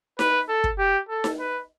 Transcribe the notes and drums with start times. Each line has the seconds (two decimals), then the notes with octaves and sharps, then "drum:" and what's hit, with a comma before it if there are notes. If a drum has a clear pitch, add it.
0.19 B4, drum: snare D#4
0.49 A4
0.64 drum: kick
0.78 G4
1.09 A4
1.24 drum: snare D#4
1.40 B4